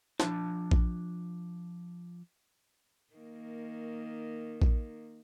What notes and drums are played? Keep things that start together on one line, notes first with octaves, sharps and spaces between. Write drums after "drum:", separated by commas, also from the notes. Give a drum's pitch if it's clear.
F3 D4 A5, drum: snare
drum: kick A#1
D#3 A#3
drum: kick A#1